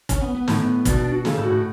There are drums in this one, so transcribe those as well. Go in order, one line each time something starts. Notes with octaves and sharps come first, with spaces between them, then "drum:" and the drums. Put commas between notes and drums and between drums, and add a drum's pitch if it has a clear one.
C#4, drum: kick, hi-hat
B3
B3
A2, drum: snare
B2 D4, drum: kick, hi-hat
D4
F#4
C#3 A4, drum: snare
A2
F#4
A2